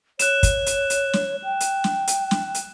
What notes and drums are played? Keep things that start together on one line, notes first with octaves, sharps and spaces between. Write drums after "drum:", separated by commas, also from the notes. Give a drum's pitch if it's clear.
C#5 F#6 E7, drum: hi-hat
drum: kick, hi-hat
drum: hi-hat
drum: hi-hat
drum: snare
G5
drum: hi-hat
drum: snare
drum: hi-hat
drum: snare
drum: hi-hat